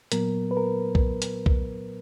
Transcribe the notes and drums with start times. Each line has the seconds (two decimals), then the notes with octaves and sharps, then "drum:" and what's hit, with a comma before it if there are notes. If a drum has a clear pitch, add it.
0.12 A#2 F#3 B3 A#4, drum: hi-hat
0.51 B4
0.57 A#4
0.95 drum: kick
1.22 drum: hi-hat
1.46 drum: kick